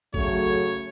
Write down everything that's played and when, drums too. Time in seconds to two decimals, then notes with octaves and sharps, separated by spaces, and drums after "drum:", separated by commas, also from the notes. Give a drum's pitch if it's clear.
0.14 C#3 F#3 A3 C#5, drum: kick